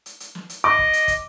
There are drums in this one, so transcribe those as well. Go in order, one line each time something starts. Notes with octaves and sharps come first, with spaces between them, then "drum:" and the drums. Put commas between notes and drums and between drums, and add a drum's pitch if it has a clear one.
drum: hi-hat
drum: hi-hat
drum: snare
drum: hi-hat
D#5 D6
drum: kick
drum: hi-hat
drum: kick, hi-hat